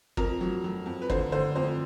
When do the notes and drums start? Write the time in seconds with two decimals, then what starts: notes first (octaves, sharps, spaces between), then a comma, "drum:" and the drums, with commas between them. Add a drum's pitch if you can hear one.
0.17 F2 A#4, drum: kick
0.41 F#3
0.64 F#3
0.86 F2
1.02 B4
1.10 D3 C5, drum: kick
1.32 D3 C5
1.55 F2 C5